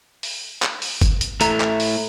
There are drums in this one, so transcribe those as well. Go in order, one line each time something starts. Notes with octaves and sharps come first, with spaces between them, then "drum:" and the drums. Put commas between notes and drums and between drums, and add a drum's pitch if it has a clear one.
drum: open hi-hat
drum: clap
drum: open hi-hat
drum: kick G1, hi-hat
drum: hi-hat
A2 A4 E5 A#5, drum: hi-hat
drum: clap
drum: open hi-hat